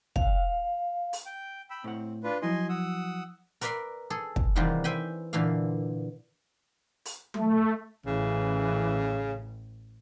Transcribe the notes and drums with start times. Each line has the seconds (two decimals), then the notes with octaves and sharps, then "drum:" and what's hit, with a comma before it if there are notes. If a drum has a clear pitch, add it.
0.16 F5, drum: kick
1.13 drum: open hi-hat
1.26 G5
1.70 G5 B5 E6
1.84 A2 C4 F#5
2.23 D4 F4 B4
2.42 F3 F#3 E4 D#5 G#5 C6
2.69 F#5 D#6 E6
3.61 A#4 B4 D5 E5 B5 C6, drum: hi-hat
4.10 G#4 A4
4.36 drum: kick
4.56 C3 D#3 E3 G3 F4 F#5
4.84 C5 E5 G5 G#5 B5
5.33 A#2 D3 E3 E5 F5
7.05 drum: open hi-hat
7.34 A3, drum: tom F#3
8.06 A1 C#3 E3